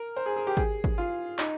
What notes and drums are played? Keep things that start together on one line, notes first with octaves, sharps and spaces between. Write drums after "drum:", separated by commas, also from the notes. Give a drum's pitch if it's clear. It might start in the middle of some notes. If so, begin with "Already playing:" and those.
Already playing: A#4
C5
G#4
G#4
G4
G#4, drum: kick
drum: kick
F4
D#4, drum: clap